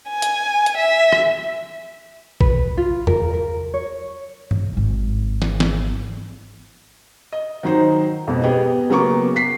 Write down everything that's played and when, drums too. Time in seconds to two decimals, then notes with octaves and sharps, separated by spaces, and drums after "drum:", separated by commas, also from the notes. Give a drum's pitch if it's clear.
0.10 G#5
0.22 drum: hi-hat
0.66 drum: hi-hat
0.77 E5
1.12 drum: rim click
2.41 B4, drum: kick
2.77 F4
3.07 A#4, drum: tom E2
3.34 A#4
3.74 C#5
4.51 drum: tom G2
4.73 G#1 G#2
5.42 drum: snare
5.60 drum: snare
7.32 D#5
7.63 D#3 F#3 D#4 C5
8.27 F2 G#2 B2
8.44 B3 G4 G#4 D#5
8.90 C#3 F#3 A#3 B3 C#6 D6
9.36 B6 C7